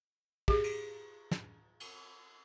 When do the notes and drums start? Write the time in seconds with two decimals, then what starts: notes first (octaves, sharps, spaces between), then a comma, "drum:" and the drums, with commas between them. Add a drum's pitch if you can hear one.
0.48 G4 G#4, drum: kick
0.64 drum: cymbal
1.31 drum: snare
1.80 drum: cymbal